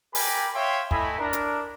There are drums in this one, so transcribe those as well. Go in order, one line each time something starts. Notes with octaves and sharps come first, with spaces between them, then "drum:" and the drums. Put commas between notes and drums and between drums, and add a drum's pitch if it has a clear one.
G4 A#4 G5 G#5 B5 D6, drum: open hi-hat
C#5 E5 F5 G5 C6
A3 E4 D#5 G#5 B5, drum: kick
D4 A#4
drum: hi-hat